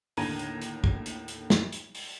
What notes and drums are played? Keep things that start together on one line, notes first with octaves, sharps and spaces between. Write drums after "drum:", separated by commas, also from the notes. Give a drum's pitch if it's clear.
D#2 A2 D3 A#5 G#6 D#7, drum: open hi-hat
drum: hi-hat
drum: hi-hat
drum: kick
drum: hi-hat
drum: hi-hat
drum: snare
drum: hi-hat
drum: open hi-hat